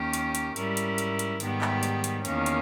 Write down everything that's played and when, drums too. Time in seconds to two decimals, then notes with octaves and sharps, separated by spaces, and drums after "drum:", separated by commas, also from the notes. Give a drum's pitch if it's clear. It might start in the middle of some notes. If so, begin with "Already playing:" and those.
Already playing: D#2 D#3 A#3 C#4 G4
0.13 drum: hi-hat
0.35 drum: hi-hat
0.56 G#2 G3 C#4 E4 A#4, drum: hi-hat
0.77 drum: hi-hat
0.98 drum: hi-hat
1.19 drum: hi-hat
1.40 G#2 D#3 G3 B3 G4, drum: hi-hat
1.62 drum: clap
1.83 drum: hi-hat
2.04 drum: hi-hat
2.25 E2 D#3 A#3 C#4, drum: hi-hat
2.46 drum: hi-hat